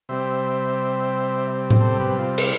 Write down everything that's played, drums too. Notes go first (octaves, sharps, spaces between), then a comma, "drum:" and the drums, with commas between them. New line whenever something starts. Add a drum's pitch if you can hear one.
C3 G3 C4 C5 E5
drum: tom A2
A4 C5
G4 B4
F4
E4, drum: cymbal